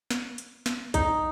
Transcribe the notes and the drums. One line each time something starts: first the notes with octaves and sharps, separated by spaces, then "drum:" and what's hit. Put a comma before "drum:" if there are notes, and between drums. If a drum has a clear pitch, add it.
drum: snare
drum: hi-hat
drum: snare
D#4, drum: kick, hi-hat